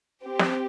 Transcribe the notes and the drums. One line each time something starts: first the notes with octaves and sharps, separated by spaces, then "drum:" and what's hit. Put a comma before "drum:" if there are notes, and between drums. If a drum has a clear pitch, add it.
C4 G4
drum: snare